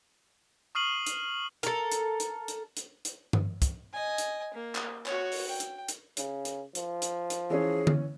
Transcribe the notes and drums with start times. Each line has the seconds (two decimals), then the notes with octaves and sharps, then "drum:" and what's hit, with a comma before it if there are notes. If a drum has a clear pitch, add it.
0.75 C#6 D#6 F6 C7 D#7 F#7
1.07 drum: hi-hat
1.63 A4 A#4, drum: hi-hat
1.92 drum: hi-hat
2.20 drum: hi-hat
2.48 drum: hi-hat
2.77 drum: hi-hat
3.05 drum: hi-hat
3.33 drum: tom G2
3.62 drum: kick, hi-hat
3.93 D#5 G#5
4.18 drum: hi-hat
4.54 A#3
4.75 drum: clap
5.06 F#4 C#5, drum: clap
5.32 drum: open hi-hat
5.49 G5
5.60 drum: hi-hat
5.88 drum: hi-hat
6.17 C#3, drum: hi-hat
6.45 drum: hi-hat
6.75 F3, drum: hi-hat
7.02 drum: hi-hat
7.30 drum: hi-hat
7.50 E3 C#4 G#4
7.87 drum: tom D3